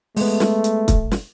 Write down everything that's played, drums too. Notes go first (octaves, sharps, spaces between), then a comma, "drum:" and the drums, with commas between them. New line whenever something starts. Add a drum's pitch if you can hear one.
G#3 A3 B3, drum: open hi-hat
drum: snare
drum: hi-hat
drum: kick, hi-hat
drum: snare